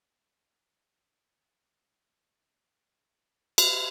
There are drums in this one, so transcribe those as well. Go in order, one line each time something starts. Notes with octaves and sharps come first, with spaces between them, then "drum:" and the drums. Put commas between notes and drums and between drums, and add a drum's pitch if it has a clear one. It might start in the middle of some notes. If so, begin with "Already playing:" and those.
Already playing: G3
F#3
F#3
E3
A2
G2
B2
C#3
drum: cymbal